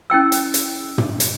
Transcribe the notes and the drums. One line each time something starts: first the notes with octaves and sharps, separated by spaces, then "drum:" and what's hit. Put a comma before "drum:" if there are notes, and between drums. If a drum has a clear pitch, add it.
C#4 E4 G5 E6
drum: hi-hat
drum: hi-hat
drum: tom
drum: hi-hat